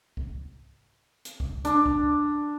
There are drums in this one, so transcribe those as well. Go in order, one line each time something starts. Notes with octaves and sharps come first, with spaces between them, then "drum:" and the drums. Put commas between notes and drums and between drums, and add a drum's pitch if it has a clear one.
drum: kick
drum: hi-hat
drum: kick
D4, drum: hi-hat
drum: kick